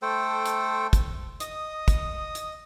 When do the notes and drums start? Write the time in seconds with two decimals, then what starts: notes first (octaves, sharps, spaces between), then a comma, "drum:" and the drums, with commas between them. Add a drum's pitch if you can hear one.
0.02 A3 A4 C5 G5
0.46 drum: hi-hat
0.93 drum: kick, hi-hat
1.40 D#5 D#6, drum: hi-hat
1.88 drum: kick, hi-hat
2.35 drum: hi-hat